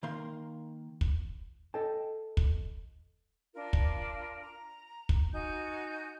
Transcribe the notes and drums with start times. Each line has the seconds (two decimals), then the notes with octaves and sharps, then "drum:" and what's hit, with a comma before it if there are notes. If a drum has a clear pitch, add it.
0.03 D#3 A#3 A#4 F5 C6
1.01 drum: kick
1.74 A4 D#5 G5 A5
2.37 drum: kick
3.54 D4 F4 A#4
3.73 drum: kick
4.41 A#5
5.09 drum: kick
5.32 D#4 F#4 G#5 G6